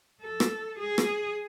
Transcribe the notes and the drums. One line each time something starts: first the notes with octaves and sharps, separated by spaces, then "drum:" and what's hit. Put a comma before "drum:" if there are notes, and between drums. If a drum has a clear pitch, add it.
A4
drum: rim click
G#4
drum: rim click